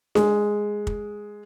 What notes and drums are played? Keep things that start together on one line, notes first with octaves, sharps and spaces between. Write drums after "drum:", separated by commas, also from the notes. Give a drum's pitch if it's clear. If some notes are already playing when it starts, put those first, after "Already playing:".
G#3, drum: snare D4
drum: kick